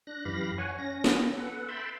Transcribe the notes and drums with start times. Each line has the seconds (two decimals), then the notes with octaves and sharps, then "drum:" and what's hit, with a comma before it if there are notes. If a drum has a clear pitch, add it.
0.07 D4 F#6 A#6
0.25 F#2 E3 G4 F5 B5 A#6
0.58 C#5 F#5 G#5
0.79 C#4 A#6
1.04 drum: snare
1.38 A4 B4 F#5
1.69 E5 G5 A5 B5 C6